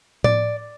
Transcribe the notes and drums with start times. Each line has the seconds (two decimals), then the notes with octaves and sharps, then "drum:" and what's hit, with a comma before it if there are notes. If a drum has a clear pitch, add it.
0.24 D5, drum: tom A2